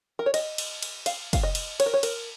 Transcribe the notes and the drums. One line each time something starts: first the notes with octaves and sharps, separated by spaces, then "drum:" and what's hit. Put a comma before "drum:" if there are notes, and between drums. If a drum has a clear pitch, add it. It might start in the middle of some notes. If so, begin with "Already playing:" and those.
A#4
C#5
D#5, drum: cymbal
drum: cymbal
drum: cymbal
F5, drum: cymbal
F5, drum: kick, cymbal
D#5
drum: cymbal
C#5, drum: cymbal
A#4
C#5
A#4, drum: cymbal